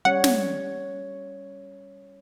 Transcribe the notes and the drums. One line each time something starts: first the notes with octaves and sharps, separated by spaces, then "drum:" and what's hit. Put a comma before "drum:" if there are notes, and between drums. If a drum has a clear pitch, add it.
G3 C#4 C#5 F#5
drum: snare